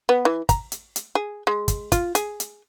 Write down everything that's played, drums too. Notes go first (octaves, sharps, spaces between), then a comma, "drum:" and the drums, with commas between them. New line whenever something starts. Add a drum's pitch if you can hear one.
B3
E3
A#5, drum: kick, hi-hat
drum: hi-hat
drum: hi-hat
G#4
G#3
drum: kick, hi-hat
F4, drum: kick, hi-hat
G#4, drum: hi-hat
drum: hi-hat